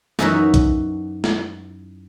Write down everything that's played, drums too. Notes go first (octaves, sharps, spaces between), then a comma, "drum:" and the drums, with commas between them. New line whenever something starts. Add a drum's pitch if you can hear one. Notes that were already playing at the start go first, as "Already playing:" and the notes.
F#2 E3 C#4 D#4 F#4 E5, drum: snare
drum: kick B1, hi-hat
drum: snare